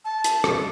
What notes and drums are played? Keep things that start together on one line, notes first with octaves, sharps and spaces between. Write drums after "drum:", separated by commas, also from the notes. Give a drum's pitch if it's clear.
A5
drum: hi-hat
drum: rim click